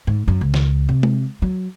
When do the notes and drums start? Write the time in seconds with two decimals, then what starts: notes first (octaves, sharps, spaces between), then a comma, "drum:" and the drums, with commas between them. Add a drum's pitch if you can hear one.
0.07 G#2
0.28 F#2
0.41 C#2
0.54 drum: snare
0.89 C3
1.03 drum: tom G#3
1.42 F#3